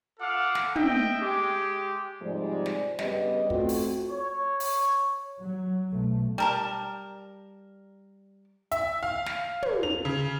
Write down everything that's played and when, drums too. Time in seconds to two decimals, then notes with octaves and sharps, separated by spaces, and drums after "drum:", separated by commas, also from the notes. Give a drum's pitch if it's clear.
0.20 F4 A4 F5 F#5 D6
0.55 drum: snare
0.76 D#5 E5 G5, drum: tom
1.21 G#3 G4
2.21 G#2 C3 F3 G3 G#3 D5
2.66 drum: snare
2.99 G2 C#3 G3 B3 D#5, drum: snare
3.50 A3 C4 F4 F#4, drum: kick
3.69 drum: open hi-hat
4.09 C#5
4.60 drum: open hi-hat
5.40 F#3
5.91 B1 A3
6.38 G3 A#4 A5
8.72 E5, drum: hi-hat
9.03 F5
9.26 drum: snare
9.62 drum: tom
9.83 F7
10.05 C#3